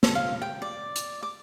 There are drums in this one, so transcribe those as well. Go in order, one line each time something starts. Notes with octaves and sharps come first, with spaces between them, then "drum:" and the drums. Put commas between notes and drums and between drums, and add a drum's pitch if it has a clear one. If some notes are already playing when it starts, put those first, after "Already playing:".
A4, drum: snare
F5
G5
D5
drum: hi-hat
D6